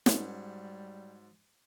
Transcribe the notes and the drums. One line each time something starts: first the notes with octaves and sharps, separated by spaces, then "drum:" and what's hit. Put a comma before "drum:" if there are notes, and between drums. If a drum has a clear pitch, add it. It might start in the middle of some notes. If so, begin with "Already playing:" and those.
G#2 F#3 G3 C#4, drum: snare